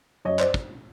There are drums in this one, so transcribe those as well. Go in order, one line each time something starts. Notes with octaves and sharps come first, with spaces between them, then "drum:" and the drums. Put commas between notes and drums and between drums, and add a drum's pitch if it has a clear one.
F#2 C#5 D#5
C5 D5, drum: clap
drum: kick